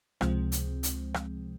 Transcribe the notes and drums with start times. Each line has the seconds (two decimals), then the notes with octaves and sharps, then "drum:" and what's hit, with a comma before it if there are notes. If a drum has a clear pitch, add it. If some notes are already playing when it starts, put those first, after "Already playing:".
0.21 C#2 C3 F3 G#3 C4, drum: rim click
0.52 drum: hi-hat
0.83 drum: hi-hat
1.14 drum: rim click